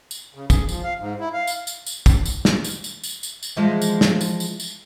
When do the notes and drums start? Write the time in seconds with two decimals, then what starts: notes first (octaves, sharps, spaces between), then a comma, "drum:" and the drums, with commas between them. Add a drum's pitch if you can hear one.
0.11 drum: tambourine
0.35 C#3
0.50 G#4, drum: kick, tambourine
0.69 F3, drum: tambourine
0.84 F5
1.00 G#2
1.20 E4
1.33 F5
1.47 drum: tambourine
1.67 drum: tambourine
1.86 drum: tambourine
2.06 drum: kick, tambourine
2.26 drum: tambourine
2.45 drum: snare
2.65 drum: tambourine
2.84 drum: tambourine
3.04 drum: tambourine
3.23 drum: tambourine
3.43 drum: tambourine
3.57 E3 F3 G#3
3.82 drum: tambourine
4.01 drum: snare
4.21 drum: tambourine
4.40 drum: tambourine
4.60 drum: tambourine